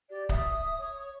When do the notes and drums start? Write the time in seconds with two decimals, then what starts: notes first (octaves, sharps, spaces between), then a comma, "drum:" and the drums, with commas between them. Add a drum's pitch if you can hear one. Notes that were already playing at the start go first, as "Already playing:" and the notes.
0.10 G4 D5
0.29 E5 D#6, drum: kick C#1
0.78 C#5